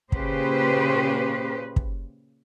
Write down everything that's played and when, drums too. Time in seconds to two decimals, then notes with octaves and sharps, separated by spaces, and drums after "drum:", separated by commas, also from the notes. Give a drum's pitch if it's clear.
0.12 A#2 C#3 G4 B4 C5, drum: kick
1.76 drum: kick